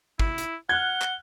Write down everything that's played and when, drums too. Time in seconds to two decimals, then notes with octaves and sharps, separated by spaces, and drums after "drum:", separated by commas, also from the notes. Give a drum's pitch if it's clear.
0.19 E4, drum: kick G#1
0.38 drum: hi-hat
0.69 F#5 F6 F#6 G#6 G7
1.02 drum: clap